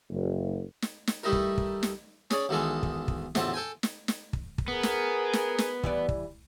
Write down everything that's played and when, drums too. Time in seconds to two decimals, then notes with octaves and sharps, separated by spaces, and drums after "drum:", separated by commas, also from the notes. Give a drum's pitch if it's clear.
0.10 F#1
0.82 drum: snare
1.07 drum: snare
1.23 G3 A3 D#4 E4 A#4
1.32 drum: kick
1.58 drum: kick
1.83 drum: snare
2.30 C#4 G#4 C#5 D5, drum: snare
2.49 B1 D#3 E3 G#3 A4 F5
2.83 drum: kick
3.08 drum: kick
3.35 A1 E2 D3 C4 F4 A5, drum: snare
3.54 A4 G5 G#5
3.83 drum: snare
4.08 drum: snare
4.33 drum: kick
4.58 drum: kick
4.68 B3 G#4 A#4
4.83 drum: snare
5.33 drum: snare
5.58 drum: snare
5.84 E3 G3 D5, drum: kick
6.09 drum: kick